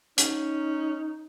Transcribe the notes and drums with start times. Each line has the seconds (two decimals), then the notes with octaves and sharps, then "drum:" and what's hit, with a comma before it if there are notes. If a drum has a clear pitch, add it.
0.18 C#4 D#4, drum: hi-hat